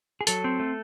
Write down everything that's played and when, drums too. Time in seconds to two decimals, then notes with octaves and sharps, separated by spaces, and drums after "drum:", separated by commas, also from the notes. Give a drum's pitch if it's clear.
0.21 G#4
0.27 F#3 A4, drum: hi-hat
0.44 C4
0.59 A3